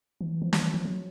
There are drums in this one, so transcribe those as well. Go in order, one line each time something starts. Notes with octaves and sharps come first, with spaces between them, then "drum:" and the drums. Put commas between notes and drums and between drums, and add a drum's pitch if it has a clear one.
E3
F3
F3, drum: snare
E3
F3
F#3